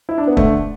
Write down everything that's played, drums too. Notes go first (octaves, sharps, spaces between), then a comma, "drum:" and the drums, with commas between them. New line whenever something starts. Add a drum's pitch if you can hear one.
E4
D4
B3
D3 A3, drum: kick